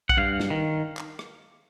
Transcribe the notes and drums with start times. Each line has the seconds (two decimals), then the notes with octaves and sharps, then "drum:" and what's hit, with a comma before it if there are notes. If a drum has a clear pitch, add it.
0.09 F#5, drum: kick
0.17 G2 F5
0.40 drum: snare
0.50 D#3
0.97 drum: clap
1.19 drum: rim click